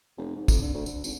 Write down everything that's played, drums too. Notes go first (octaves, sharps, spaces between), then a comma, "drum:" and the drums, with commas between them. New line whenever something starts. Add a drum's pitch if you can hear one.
F1
G#2
F2, drum: kick, tambourine
D3
D2
D3, drum: tambourine
G#1, drum: tambourine